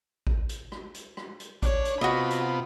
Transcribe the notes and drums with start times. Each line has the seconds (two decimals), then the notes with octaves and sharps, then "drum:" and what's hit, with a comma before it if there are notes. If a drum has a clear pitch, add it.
0.27 drum: kick A1
0.49 drum: hi-hat
0.72 drum: rim click
0.95 drum: hi-hat
1.17 drum: rim click
1.40 drum: hi-hat
1.63 D4 C#5, drum: kick A1, hi-hat
1.85 drum: hi-hat
2.01 C3 B3 F4 F#4 D#5 B5
2.30 drum: hi-hat